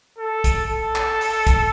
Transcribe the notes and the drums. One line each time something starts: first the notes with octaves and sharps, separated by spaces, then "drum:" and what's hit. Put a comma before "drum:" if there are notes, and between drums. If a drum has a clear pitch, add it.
A4
drum: kick, hi-hat
A4
drum: clap
drum: open hi-hat
drum: kick, hi-hat